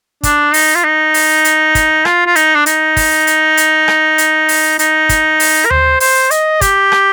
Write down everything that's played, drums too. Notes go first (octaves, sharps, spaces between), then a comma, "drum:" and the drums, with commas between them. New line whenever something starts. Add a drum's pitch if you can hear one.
D4, drum: kick, hi-hat
D#4, drum: open hi-hat
F4
D#4
drum: open hi-hat
drum: hi-hat
drum: kick, hi-hat
F4, drum: rim click
F4
D#4, drum: hi-hat
D4
D#4, drum: hi-hat
drum: kick, open hi-hat
drum: hi-hat
drum: hi-hat
drum: rim click
drum: hi-hat
drum: open hi-hat
D#4, drum: hi-hat
drum: kick, hi-hat
drum: open hi-hat
A#4
C5, drum: tom D#2
C5, drum: open hi-hat
D#5, drum: hi-hat
G4, drum: kick, hi-hat
drum: rim click